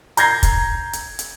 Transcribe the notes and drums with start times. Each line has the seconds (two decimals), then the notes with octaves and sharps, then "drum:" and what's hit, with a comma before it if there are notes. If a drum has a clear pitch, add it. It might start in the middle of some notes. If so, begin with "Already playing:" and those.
0.17 A#5 G6 G#6 A#6 C7, drum: hi-hat
0.43 drum: kick, hi-hat
0.93 drum: hi-hat
1.19 drum: hi-hat